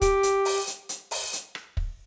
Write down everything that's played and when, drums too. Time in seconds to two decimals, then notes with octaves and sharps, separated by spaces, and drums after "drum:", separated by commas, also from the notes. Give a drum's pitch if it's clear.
0.02 G4, drum: kick, hi-hat
0.23 drum: hi-hat
0.45 drum: open hi-hat
0.67 drum: hi-hat
0.89 drum: hi-hat
1.11 drum: open hi-hat
1.33 drum: hi-hat
1.55 drum: rim click
1.77 drum: kick